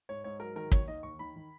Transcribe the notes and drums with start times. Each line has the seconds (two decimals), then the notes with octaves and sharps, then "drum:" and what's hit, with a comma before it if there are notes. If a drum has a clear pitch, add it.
0.09 G#2 C#5
0.24 G#2 C#5
0.40 F#3 A#4
0.56 D#3 A#4
0.72 D#2 C#5, drum: kick
0.88 D#3 D#5
1.03 D#2 C#6
1.19 D#3 B5
1.36 D#3